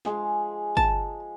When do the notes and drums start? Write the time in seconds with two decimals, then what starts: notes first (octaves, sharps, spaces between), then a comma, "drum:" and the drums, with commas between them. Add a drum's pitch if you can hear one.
0.05 F3 G#3 G#4, drum: snare
0.77 A5, drum: kick G1